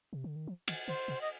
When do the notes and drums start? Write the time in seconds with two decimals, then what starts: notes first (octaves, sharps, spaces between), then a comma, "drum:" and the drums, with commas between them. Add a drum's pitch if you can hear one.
0.13 C3
0.24 D3
0.36 D#3
0.47 F3
0.68 D#3, drum: cymbal
0.88 D3 C5
1.08 C3
1.21 D#5